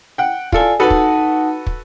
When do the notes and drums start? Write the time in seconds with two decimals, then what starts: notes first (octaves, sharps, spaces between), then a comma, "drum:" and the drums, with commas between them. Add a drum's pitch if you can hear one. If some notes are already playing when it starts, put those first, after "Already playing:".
0.18 F#5 G5
0.52 F4 A4 D5 G#5, drum: kick
0.80 D#4 F#4 A4 B4 F#5 A5
0.90 drum: kick
1.67 drum: kick